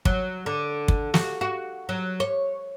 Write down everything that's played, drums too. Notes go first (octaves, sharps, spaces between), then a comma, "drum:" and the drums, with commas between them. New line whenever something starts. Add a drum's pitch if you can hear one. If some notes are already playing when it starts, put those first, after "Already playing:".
F#3, drum: kick
D3
drum: kick
F#4, drum: snare
F#4
F#3
C#5